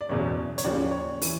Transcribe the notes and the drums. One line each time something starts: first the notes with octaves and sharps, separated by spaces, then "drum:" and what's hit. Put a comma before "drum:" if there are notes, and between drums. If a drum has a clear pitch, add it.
D5
F#1 E2 B2 C#5
C#5, drum: hi-hat
D#2 C#3 F3 D5
C#5
E3, drum: open hi-hat